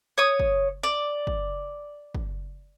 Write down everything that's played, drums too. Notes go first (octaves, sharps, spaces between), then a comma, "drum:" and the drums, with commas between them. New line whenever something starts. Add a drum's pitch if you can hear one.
C#5 D#6
drum: kick
D5
drum: kick
drum: kick